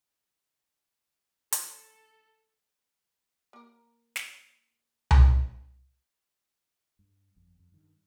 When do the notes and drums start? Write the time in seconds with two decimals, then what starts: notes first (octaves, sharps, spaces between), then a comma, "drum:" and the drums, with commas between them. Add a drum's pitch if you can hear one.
1.52 A4, drum: hi-hat
3.53 A#3 A#4
4.16 drum: snare
5.11 drum: tom C2
6.99 G2
7.36 G1 F2
7.59 F2
7.72 G2 D#3